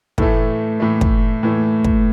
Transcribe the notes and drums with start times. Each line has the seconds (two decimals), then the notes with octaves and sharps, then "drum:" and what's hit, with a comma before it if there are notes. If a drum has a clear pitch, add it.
0.18 A2 E3 A3 A4, drum: kick
0.80 A2 E3 A3
1.01 drum: kick
1.43 A2 E3 A3
1.84 drum: kick